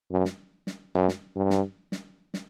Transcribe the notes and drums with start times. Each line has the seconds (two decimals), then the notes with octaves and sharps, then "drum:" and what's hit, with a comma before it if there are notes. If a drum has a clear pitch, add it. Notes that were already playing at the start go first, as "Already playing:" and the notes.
0.11 F#2
0.25 drum: snare
0.67 drum: snare
0.95 F#2
1.09 drum: snare
1.36 G2
1.50 drum: snare
1.92 drum: snare
2.34 drum: snare